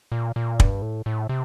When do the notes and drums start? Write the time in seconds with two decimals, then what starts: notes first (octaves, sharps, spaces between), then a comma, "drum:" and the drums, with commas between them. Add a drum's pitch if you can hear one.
0.12 A#2
0.36 A#2
0.60 G2, drum: kick
0.82 A2
1.06 A2
1.29 C3